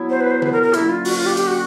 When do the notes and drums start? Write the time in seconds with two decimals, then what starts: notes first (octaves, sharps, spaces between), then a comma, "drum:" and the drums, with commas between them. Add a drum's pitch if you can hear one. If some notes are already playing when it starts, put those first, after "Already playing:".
Already playing: F#3 B3 E4
0.10 C5
0.21 B4
0.31 C5
0.42 B4, drum: tom
0.52 A#4
0.63 A#4
0.73 D3 F#3 A#3 C#4 E4, drum: hi-hat
0.89 F4
1.05 F#4, drum: open hi-hat
1.16 F4
1.26 G4
1.37 G4, drum: hi-hat
1.48 F#4